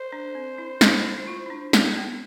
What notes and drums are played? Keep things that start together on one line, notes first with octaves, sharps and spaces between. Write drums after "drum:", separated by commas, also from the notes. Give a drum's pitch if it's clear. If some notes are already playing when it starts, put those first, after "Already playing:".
Already playing: C5
D4
C4
E4
E4, drum: snare
E4
E4
F4
E4
D4
C4, drum: snare
B3